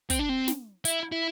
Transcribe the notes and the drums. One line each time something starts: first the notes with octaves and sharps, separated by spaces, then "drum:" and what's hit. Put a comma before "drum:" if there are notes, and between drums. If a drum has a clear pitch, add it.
C4, drum: kick, hi-hat
D4
C4
drum: snare
E4, drum: hi-hat
E4